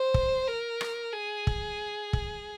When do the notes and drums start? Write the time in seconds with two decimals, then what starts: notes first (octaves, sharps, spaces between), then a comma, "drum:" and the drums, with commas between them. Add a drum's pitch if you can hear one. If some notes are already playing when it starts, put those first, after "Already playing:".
Already playing: C5
0.14 drum: kick
0.47 A#4
0.81 drum: rim click
1.13 G#4
1.47 drum: kick
2.13 drum: kick